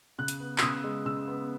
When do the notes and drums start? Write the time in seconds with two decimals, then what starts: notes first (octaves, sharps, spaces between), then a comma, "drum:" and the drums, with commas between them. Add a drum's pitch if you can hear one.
0.18 C#3 F#6
0.28 drum: hi-hat
0.40 B3
0.58 E6, drum: clap
0.62 C#3 D#6
0.84 G#3
1.05 C#3 E6
1.28 B3